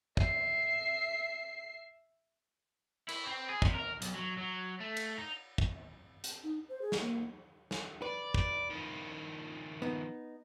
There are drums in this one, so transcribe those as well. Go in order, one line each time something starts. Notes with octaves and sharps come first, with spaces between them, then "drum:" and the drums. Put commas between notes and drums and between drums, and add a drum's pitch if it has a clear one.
E5 C7, drum: kick
E4, drum: cymbal
C4
G#4
C3, drum: kick
A#4
B1, drum: hi-hat
F#3
F#3
A3
drum: cymbal
D#4
drum: kick
drum: hi-hat
D#4
C5
G#4
drum: snare
A#3
drum: snare
B4 D5
drum: kick
D#3 F3
B3 D#4